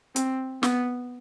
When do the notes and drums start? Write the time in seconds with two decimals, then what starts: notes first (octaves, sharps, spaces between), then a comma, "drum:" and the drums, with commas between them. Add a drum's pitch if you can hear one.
0.16 C4, drum: hi-hat
0.63 B3, drum: snare